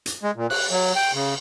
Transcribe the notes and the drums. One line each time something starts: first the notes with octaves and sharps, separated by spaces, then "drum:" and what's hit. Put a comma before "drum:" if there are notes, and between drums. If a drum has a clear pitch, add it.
drum: hi-hat
G#3
A#2
F#6, drum: cymbal
F#3
G5
C#3